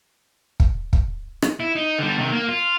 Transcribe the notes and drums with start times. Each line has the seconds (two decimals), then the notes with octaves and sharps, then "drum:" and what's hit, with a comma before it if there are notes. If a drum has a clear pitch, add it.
0.60 drum: kick
0.93 drum: kick
1.42 drum: rim click
1.60 E4
1.75 D#4
1.99 D3 G3
2.18 C3 D#3
2.32 A#3
2.48 F4